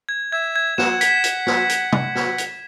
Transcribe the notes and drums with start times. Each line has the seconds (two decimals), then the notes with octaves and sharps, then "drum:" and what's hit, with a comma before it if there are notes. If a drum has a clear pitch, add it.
0.09 G#6
0.32 E5 G#6
0.56 G#6
0.78 F#5 E7, drum: snare
1.01 B6, drum: hi-hat
1.24 E7, drum: hi-hat
1.47 drum: snare
1.69 drum: hi-hat
1.92 drum: tom
2.15 drum: snare
2.38 drum: hi-hat